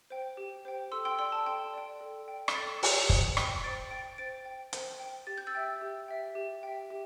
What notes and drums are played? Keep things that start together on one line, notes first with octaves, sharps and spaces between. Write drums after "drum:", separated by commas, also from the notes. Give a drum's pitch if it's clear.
C5 G5
G4
C5 G5
A4 C6 E6
G5 C6
D5 G5 C6 E6
A5
A4 G5 C6
D5 G5
A4
D5 G5
E7, drum: rim click
A4 A6 D7
D5 G5, drum: open hi-hat
C5, drum: kick
G5, drum: rim click
C5 A6 D7
G5 A6 D7
C5 A6 D7
G5
C5, drum: hi-hat
G5
G4 A6
G6
E6 A6
E5 G5
G4
E5 G5
G4
E5 G5
G4